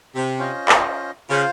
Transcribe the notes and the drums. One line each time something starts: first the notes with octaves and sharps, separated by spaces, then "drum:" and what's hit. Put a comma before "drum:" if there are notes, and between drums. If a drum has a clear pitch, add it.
C3
C#4 F4 C5 D#5
drum: clap
C#3 F4 C5 F5